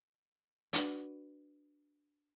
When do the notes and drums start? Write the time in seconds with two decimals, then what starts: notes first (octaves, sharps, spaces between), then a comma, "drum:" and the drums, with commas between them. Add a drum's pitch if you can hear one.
0.73 D4 F#4 B4, drum: hi-hat